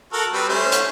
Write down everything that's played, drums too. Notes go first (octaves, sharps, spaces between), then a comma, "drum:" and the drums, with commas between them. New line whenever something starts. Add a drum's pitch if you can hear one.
F#4 A4 A#4
G3 C4 B4
A3 C#4 C5
drum: hi-hat